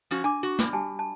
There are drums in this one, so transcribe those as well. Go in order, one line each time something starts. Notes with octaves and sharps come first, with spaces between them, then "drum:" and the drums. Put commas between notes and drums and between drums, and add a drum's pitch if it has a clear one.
F3 C#4 F#4
D4 G#5 D6
F#4
G3, drum: snare
G4 G#5 A5
A5